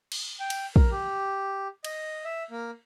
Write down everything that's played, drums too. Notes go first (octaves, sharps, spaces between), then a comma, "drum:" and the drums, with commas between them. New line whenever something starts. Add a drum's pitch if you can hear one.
drum: cymbal
G5
drum: cymbal
A#4, drum: kick
G4
D#5, drum: cymbal
E5
A#3